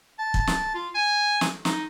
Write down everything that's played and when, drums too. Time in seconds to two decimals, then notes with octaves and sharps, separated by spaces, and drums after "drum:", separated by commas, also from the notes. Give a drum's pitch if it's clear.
0.19 A5
0.34 drum: kick
0.47 drum: snare
0.74 F4
0.95 G#5
1.41 drum: snare
1.65 D#4, drum: snare